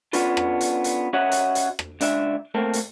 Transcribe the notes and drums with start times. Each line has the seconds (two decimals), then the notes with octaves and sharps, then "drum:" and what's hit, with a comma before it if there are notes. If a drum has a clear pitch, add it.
0.13 B3 C#4 D4 F4 A4, drum: hi-hat
0.37 drum: rim click
0.61 drum: hi-hat
0.84 drum: hi-hat
1.13 C#4 F#4 C#5 D#5 E5 F#5
1.32 drum: hi-hat
1.55 drum: hi-hat
1.79 drum: rim click
2.01 C#2 D4 E5, drum: hi-hat
2.55 A3 A#3 C4 A4
2.73 drum: hi-hat